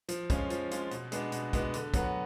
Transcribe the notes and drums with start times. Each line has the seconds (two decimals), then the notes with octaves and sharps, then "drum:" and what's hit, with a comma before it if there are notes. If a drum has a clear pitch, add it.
0.08 F3, drum: hi-hat
0.30 G#3 C#4 F4, drum: kick, hi-hat
0.50 F3, drum: hi-hat
0.71 G#3 C#4 F4, drum: hi-hat
0.91 B2, drum: hi-hat
1.12 G#3 B3 D4 F#4, drum: hi-hat
1.32 B2, drum: hi-hat
1.53 G#3 B3 D4 F#4, drum: kick, hi-hat
1.74 D3, drum: hi-hat
1.94 F#3 B3 F#4, drum: kick, hi-hat